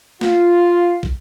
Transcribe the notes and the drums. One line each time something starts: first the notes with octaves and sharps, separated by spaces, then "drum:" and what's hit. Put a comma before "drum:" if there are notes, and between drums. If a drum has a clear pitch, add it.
F4, drum: snare
drum: kick